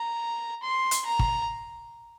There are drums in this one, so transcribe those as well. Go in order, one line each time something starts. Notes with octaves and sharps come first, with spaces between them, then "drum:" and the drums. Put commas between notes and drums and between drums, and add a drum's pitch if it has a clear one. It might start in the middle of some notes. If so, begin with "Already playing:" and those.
Already playing: A#5
C6
drum: hi-hat
A#5
drum: kick